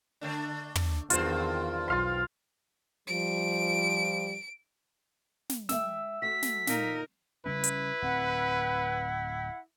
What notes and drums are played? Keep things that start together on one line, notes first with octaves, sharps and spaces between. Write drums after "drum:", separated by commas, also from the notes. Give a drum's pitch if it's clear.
D3 A3 D4
drum: tom
E2 G2 D#3 C4 F4 C5, drum: hi-hat
B1 F4 F5 C6
F3 G3 D7
drum: snare
G#3 E5 G5 E6, drum: snare
A3 F#4 B6
drum: snare
A#2 D#4 A#4, drum: snare
C#3 G3 C#4 E4 B4
drum: hi-hat
D1 C4 F#5